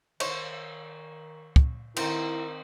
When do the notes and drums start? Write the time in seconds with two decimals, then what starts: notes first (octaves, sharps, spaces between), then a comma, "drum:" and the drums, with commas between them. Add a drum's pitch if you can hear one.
0.20 D#3 C5 C#5, drum: cymbal
1.56 drum: kick
1.96 D#3 C4 E4 A#4, drum: cymbal